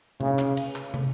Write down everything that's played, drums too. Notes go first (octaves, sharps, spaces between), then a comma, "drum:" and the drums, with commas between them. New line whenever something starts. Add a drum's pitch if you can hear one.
C#3, drum: tom C3
drum: clap
drum: cymbal
drum: clap
drum: tom